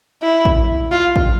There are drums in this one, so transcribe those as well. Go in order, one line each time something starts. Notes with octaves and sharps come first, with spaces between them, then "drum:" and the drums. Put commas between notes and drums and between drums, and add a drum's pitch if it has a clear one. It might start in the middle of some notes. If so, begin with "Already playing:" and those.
E4
drum: kick
F4
drum: kick